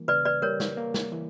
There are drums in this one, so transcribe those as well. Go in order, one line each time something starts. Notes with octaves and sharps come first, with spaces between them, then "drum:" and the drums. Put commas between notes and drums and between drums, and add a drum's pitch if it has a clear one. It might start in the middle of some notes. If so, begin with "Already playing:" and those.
Already playing: E3 G3 A#3
C#3 B4 D5
B4 D5
G3 A#4 C#5
drum: snare
A#3
drum: snare
E3